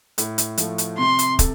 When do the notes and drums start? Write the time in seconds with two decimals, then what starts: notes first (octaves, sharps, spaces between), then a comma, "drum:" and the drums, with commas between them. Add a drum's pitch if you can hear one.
0.18 A2, drum: hi-hat
0.38 drum: hi-hat
0.58 F3 A3, drum: hi-hat
0.78 drum: hi-hat
0.98 C3 C6
1.19 drum: hi-hat
1.39 A4, drum: kick, hi-hat